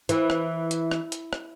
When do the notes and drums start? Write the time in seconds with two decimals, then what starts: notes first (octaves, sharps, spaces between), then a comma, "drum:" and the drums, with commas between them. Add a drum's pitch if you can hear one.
0.09 E3, drum: hi-hat
0.30 drum: rim click
0.71 drum: hi-hat
0.91 drum: rim click
1.12 drum: hi-hat
1.33 drum: rim click